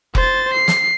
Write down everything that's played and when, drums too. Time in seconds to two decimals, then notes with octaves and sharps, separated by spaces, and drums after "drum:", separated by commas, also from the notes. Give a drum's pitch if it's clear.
0.15 C5 A6, drum: kick F1
0.53 C7
0.68 drum: snare